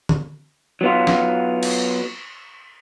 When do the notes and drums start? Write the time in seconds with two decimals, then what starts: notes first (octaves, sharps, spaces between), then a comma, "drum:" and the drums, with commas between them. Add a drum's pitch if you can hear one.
0.09 drum: tom D3
0.81 F#3 B3 F4
1.07 drum: snare
1.63 drum: cymbal